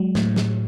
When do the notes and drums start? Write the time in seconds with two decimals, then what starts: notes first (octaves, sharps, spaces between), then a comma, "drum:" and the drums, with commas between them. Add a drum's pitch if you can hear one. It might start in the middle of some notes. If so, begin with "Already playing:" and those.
Already playing: F#3 G#3
0.15 A2, drum: snare
0.36 drum: snare